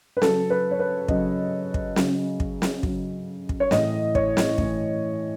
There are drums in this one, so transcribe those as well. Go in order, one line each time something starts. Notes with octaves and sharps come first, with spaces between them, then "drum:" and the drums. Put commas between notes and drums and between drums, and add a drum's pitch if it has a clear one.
B4
C#3 F#3 A4, drum: snare
B4
C#5
B4
C#3 F#3 D#5, drum: kick
drum: kick
C#3 F#3, drum: snare
drum: kick
drum: snare
C#3 F#3, drum: kick
drum: kick
C#5
A2 E3 D#5, drum: snare
C#5, drum: kick
drum: snare
A2 E3, drum: kick